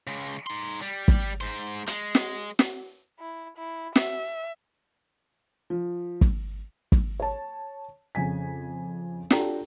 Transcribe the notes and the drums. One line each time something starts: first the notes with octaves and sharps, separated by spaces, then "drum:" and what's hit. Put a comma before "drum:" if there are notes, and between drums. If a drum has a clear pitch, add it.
C#3 G#3
D#4 C6
G3
drum: kick
G#2 C5
G#3, drum: hi-hat
drum: snare
drum: snare
E4
E4
E5, drum: snare
F3
drum: kick
drum: kick
C#5 A5
F2 C#3 G#5 B6
D4 F4 G4 A4 G5 A#5, drum: snare